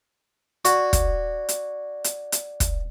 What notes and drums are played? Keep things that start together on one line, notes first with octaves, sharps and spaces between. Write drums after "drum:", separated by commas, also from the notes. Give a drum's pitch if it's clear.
F#4 D5, drum: hi-hat
drum: kick, hi-hat
drum: hi-hat
drum: hi-hat
drum: hi-hat
drum: kick, hi-hat